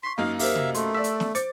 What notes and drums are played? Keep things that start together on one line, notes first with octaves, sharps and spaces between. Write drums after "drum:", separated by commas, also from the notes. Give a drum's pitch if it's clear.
C6 C#6 B6
F#2 A#3 D#4 F5
G4 A#4 C5 E5 F5, drum: open hi-hat
drum: tom C3
A3 C6, drum: hi-hat
D5 E6 B6
drum: hi-hat
drum: snare
C5 D6 A6 C#7, drum: hi-hat